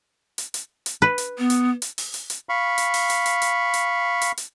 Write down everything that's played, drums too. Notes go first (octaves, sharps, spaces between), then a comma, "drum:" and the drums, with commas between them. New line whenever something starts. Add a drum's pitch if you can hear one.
drum: hi-hat
drum: hi-hat
drum: hi-hat
B4
drum: hi-hat
B3
drum: hi-hat
drum: hi-hat
drum: open hi-hat
drum: hi-hat
drum: hi-hat
F5 B5 C#6
drum: hi-hat
drum: open hi-hat
drum: hi-hat
drum: hi-hat
drum: hi-hat
drum: hi-hat
drum: hi-hat
drum: hi-hat